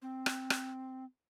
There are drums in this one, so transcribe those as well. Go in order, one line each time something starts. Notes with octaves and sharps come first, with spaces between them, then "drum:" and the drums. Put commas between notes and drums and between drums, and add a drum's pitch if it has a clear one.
C4
drum: rim click
drum: rim click